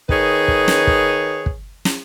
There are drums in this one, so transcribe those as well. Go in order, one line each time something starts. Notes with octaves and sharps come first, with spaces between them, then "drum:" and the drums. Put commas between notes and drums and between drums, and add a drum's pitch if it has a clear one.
D#3 G#4 B4 C#5, drum: kick
drum: kick
drum: snare
drum: kick
drum: kick
drum: snare